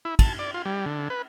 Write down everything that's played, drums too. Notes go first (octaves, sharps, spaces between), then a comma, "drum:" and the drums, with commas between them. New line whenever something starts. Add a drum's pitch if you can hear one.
E4
A5, drum: kick, cymbal
D5
F4
G3
D3
B4